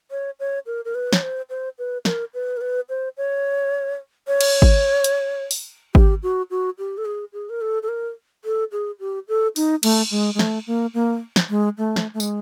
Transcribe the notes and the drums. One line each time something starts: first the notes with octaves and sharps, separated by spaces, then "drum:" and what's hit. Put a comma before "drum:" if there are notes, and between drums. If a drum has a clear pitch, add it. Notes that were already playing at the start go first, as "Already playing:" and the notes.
C#5
C#5
A#4
A#4
B4
C#5, drum: snare
C5
C5
B4
A#4, drum: snare
B4
A#4
B4
C5
C#5
C#5
drum: cymbal
drum: kick G#1
drum: hi-hat
drum: open hi-hat
G4, drum: kick G#1
F#4
F#4
G4
A4
G#4
G#4
A#4
A4
A4
A#4
A4
G#4
G4
A4
D#4, drum: open hi-hat
A3, drum: cymbal
G#3
G#3
A3, drum: snare
A#3
A#3
drum: snare
G#3
A3
drum: snare
A3
G#3, drum: tambourine